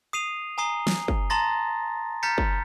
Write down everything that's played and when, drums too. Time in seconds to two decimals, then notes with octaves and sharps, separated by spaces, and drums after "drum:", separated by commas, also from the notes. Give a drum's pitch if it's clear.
0.13 D#6 C7 D#7 F7
0.58 G#5 A#5 D#6 C7 G7
0.87 drum: snare
1.08 drum: kick
1.30 A5 A#5 C6 A6 A#6
2.23 A#5 F6 G6 A6 B6 C#7
2.38 drum: kick